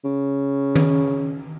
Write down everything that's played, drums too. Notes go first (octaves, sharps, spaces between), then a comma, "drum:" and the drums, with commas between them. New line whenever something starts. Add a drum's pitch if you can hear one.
C#3
drum: tom D#3